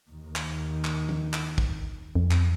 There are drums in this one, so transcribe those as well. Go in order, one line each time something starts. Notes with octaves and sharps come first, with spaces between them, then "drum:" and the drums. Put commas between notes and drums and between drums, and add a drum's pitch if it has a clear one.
D#2 D#3
drum: clap
drum: clap
drum: tom
drum: clap
drum: kick
F2
drum: clap